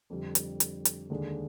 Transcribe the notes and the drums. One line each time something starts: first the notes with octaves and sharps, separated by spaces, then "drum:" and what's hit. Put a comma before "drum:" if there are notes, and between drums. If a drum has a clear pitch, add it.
F2 D3 G3
drum: hi-hat
drum: hi-hat
drum: hi-hat
D#2 D3 G#3